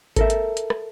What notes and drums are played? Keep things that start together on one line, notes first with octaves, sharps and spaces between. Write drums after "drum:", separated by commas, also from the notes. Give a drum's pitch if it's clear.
A4 A#4 E5, drum: kick G#1, hi-hat
drum: hi-hat
drum: hi-hat
drum: rim click